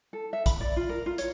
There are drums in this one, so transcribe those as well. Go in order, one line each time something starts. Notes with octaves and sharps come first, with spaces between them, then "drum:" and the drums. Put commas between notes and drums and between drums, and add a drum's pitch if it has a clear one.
A4
E5
B5, drum: kick A#1, hi-hat
D5
F4
A#4
F4
C#5, drum: hi-hat